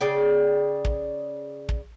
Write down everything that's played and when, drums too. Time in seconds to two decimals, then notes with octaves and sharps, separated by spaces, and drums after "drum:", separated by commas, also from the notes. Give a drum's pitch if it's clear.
0.01 C#3 G#4 D5 G5
0.85 drum: kick
1.69 drum: kick